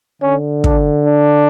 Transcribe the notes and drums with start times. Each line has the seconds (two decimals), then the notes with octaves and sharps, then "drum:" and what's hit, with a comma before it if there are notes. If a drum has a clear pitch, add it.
0.22 D3 C#4
0.64 D4, drum: kick
1.05 D4